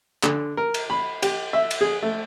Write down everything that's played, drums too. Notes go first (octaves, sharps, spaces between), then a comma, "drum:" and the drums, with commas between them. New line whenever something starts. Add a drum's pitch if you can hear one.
D3, drum: clap
A#4
drum: cymbal
B5
G4, drum: cymbal
E5
drum: cymbal
G#4
A3